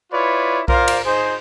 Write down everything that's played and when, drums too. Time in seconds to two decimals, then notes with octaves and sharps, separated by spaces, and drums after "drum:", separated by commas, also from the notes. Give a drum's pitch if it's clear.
0.12 E4 F4 B4 C#5 D5
0.68 F4 A#4 C5 D5 F5, drum: kick B1
0.88 drum: cymbal
1.06 D#4 G#4 C5